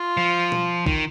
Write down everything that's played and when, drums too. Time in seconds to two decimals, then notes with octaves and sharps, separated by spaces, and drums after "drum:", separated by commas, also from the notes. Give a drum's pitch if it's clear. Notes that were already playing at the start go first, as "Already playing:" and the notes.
Already playing: F4
0.17 F3
0.52 drum: tom B2
0.86 D#3, drum: kick A#1